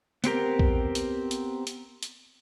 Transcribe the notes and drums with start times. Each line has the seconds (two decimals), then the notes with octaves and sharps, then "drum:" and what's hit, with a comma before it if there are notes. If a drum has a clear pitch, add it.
0.24 B3 C4 G4 A#4, drum: hi-hat
0.59 drum: kick
0.95 drum: hi-hat
1.31 drum: hi-hat
1.67 drum: hi-hat
2.03 drum: hi-hat